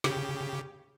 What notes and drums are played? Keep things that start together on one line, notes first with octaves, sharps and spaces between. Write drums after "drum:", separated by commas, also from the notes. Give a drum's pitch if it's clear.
C#3 G4, drum: snare